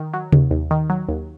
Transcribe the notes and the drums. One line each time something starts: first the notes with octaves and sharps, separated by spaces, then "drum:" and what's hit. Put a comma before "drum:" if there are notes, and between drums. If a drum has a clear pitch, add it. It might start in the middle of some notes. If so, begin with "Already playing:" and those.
Already playing: D#3
F#3
D#2, drum: tom C3
D#2
D#3
F#3
D#2